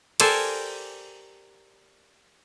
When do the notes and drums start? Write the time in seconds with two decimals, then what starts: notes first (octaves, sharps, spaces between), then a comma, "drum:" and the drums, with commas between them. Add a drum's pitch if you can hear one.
0.20 G4 A4 A#4 C5 D5 G#5, drum: cymbal